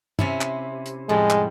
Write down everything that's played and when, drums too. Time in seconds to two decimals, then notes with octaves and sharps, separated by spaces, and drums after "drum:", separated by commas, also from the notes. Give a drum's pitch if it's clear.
0.19 C3 C#4 E4, drum: tom
0.41 drum: clap
0.86 drum: hi-hat
1.09 F2 A2 G3 G#3
1.30 drum: clap